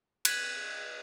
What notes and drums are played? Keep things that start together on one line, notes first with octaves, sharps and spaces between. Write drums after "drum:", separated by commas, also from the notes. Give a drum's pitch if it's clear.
F#6 G#6 B6 D#7 F#7, drum: cymbal